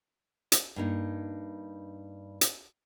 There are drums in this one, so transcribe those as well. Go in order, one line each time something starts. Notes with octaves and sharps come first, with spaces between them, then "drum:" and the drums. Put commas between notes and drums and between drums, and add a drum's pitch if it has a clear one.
drum: hi-hat
G2 A#3 D#4
drum: hi-hat